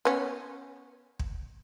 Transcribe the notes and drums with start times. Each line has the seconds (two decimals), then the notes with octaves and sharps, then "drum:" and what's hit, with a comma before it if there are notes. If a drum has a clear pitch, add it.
0.05 B3 C#4
1.19 drum: kick